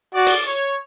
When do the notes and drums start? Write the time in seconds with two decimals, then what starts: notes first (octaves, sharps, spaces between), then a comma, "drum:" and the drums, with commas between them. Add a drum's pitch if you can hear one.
0.15 F#4 D5
0.27 drum: open hi-hat
0.47 C#5